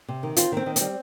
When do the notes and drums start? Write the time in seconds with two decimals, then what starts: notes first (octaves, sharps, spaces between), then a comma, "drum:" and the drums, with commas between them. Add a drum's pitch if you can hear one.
0.08 C3
0.23 D#3
0.36 C4 F4, drum: hi-hat
0.52 D#3 C4
0.66 D#3
0.76 G3 C4, drum: hi-hat